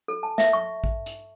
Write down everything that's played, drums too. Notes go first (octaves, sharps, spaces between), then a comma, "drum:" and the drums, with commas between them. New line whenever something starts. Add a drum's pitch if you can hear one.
A4
A5
E5, drum: snare
C#6
drum: kick
drum: hi-hat